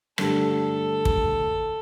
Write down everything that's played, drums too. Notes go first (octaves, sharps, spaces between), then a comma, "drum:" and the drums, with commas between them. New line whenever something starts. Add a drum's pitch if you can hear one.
G2 D3 A3 D4 G4 A4, drum: rim click
drum: kick